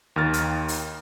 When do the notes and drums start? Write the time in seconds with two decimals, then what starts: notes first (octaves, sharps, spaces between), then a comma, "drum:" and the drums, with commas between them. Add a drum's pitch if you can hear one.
0.16 D#2 D#3 F6 A6
0.33 drum: hi-hat
0.68 drum: open hi-hat